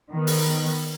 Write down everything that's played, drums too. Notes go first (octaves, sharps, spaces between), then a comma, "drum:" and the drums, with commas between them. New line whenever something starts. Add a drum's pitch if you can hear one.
D#3 B3
drum: open hi-hat